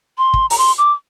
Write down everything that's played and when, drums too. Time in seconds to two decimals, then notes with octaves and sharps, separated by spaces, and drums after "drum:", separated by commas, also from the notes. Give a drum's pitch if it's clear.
0.18 C6
0.34 drum: kick
0.50 A#5, drum: open hi-hat
0.58 C6
0.78 D6